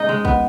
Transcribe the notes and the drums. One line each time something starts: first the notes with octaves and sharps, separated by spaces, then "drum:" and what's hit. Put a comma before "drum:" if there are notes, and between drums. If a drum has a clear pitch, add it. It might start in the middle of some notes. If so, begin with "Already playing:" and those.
Already playing: G#2 C#4 D#4 D#5
G#3
B3, drum: kick